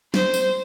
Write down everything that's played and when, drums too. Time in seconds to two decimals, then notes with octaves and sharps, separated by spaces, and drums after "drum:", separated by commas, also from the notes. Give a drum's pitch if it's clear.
0.14 C5, drum: snare
0.34 drum: tambourine